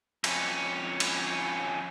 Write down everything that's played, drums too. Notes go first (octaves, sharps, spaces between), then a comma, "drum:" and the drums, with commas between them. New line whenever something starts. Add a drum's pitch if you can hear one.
F2 C#4, drum: cymbal
drum: cymbal